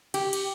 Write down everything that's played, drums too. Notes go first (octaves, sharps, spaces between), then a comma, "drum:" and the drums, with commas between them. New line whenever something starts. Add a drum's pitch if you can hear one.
G4, drum: cymbal
drum: cymbal